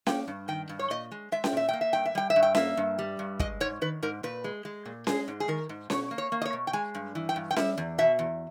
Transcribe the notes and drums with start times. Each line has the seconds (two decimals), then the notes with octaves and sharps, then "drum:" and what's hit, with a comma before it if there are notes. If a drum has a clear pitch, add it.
0.07 A#3 G5, drum: snare C#4
0.28 G2
0.48 D#3 G5
0.69 G2
0.79 C#5
0.90 A#2 D#5
1.12 G#3
1.32 G#3 E5
1.44 G5, drum: snare C#4
1.53 A#2 E5
1.69 A#3 G5
1.81 E5
1.93 G2 G5
2.05 E5
2.15 G3 G5
2.30 E5
2.36 G2
2.43 G5
2.55 A#3 E5, drum: snare C#4
2.77 G2
2.99 G3
3.19 G2
3.40 G#3 D#5, drum: kick
3.60 G#2 C#5
3.81 D#3 B4
4.03 G#2 A#4
4.23 A#2 B4
4.44 G#3
4.65 G#3
4.86 A#2
5.07 G#3 G#4, drum: snare C#4
5.28 G#2
5.40 G#4
5.48 D#3 A#4
5.69 G#2
5.90 B2 C#5, drum: snare C#4
6.11 A#3
6.18 C#5
6.32 A#3
6.42 D#5
6.45 C#5
6.53 B2
6.67 G5
6.73 G#3 G#5
6.95 G2
7.15 E3
7.29 G5
7.36 G2
7.51 G5
7.56 G3 E5, drum: snare C#4
7.78 E2
7.98 B2 E5
8.19 E2